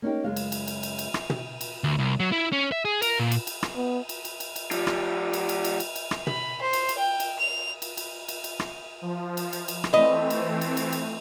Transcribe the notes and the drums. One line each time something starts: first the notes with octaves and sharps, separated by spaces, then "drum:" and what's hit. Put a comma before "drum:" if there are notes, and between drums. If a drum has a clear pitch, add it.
A#3 C#4 D#4 G4
F#2 C#3 G#3 F5
drum: cymbal
drum: cymbal
drum: cymbal
drum: cymbal
drum: cymbal
drum: rim click
drum: tom
drum: cymbal
D2
C2
F#3
E4
C#4
E5
G#4
A#4, drum: cymbal
A#2
drum: cymbal
drum: cymbal
drum: rim click
B3
drum: cymbal
drum: cymbal
drum: cymbal
drum: cymbal
F3 G3, drum: cymbal
drum: rim click
drum: cymbal
drum: cymbal
drum: cymbal
drum: cymbal
drum: cymbal
drum: rim click
B5, drum: tom
C5
drum: cymbal
drum: cymbal
G5
drum: cymbal
F7
drum: cymbal
drum: cymbal
drum: cymbal
drum: cymbal
drum: rim click
F3
drum: cymbal
drum: cymbal
drum: cymbal
drum: rim click
E3 A3 C4 B4 D#5
drum: cymbal
drum: cymbal
drum: cymbal
drum: cymbal